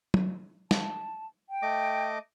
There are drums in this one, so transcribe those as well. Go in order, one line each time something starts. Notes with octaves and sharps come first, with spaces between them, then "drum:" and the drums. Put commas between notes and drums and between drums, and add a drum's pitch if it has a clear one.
drum: tom
A5, drum: snare
G5
A3 D#5 D6